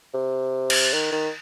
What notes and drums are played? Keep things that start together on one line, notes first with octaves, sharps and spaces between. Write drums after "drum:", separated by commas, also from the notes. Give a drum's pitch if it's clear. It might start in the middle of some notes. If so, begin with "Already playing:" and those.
C3
drum: cymbal
D#3
D#3